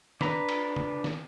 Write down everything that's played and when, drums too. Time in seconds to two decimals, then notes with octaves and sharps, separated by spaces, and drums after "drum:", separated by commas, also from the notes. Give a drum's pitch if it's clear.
0.21 D4 B4 A#5, drum: snare
0.49 drum: cymbal
0.76 drum: tom C#3
1.04 drum: snare